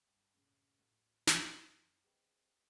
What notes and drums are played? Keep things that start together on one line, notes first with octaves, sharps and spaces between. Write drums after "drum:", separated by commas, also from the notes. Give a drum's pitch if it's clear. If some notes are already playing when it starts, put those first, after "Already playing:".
G2
F#2 A2 C#3
A2 F#3
F#2, drum: snare
C4 G4 G#4 B4 D#5